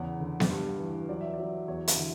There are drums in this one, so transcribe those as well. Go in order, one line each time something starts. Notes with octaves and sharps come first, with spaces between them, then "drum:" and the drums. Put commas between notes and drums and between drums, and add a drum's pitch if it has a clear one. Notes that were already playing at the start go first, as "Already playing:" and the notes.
Already playing: E2 C#3 F#5
D3
drum: snare B3
G2
E3
F#3 D5
E5
F#3 D5
E2 C#5
E4, drum: hi-hat
D3